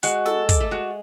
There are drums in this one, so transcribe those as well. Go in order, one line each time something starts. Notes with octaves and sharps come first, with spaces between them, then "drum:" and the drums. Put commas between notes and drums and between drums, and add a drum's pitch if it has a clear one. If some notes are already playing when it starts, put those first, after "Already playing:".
G#3 F#4, drum: hi-hat
A4, drum: snare
D5, drum: kick, hi-hat
A3
G#3 F#4